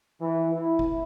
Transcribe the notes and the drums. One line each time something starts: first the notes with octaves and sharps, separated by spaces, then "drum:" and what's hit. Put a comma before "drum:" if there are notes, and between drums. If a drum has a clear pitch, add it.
E3
E4
drum: kick F1